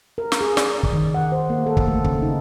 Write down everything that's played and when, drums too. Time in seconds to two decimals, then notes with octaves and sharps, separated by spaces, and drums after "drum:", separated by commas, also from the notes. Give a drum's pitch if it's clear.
0.18 A#4
0.32 drum: snare
0.41 G#4
0.57 D5, drum: snare
0.83 drum: kick
0.93 D#3
1.14 F#5
1.32 C5
1.50 A#3
1.66 A4
1.77 drum: kick
1.88 A3
2.04 C#3, drum: kick
2.22 D#4